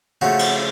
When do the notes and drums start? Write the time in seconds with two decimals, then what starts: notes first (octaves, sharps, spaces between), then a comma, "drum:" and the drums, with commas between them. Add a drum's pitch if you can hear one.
0.21 C#3 F3 A3 F#4
0.39 drum: cymbal